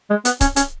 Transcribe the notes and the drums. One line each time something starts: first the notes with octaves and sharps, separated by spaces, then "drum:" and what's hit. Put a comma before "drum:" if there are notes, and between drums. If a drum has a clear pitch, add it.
G#3
B3, drum: hi-hat
C#4, drum: kick C#1, hi-hat
C#4, drum: hi-hat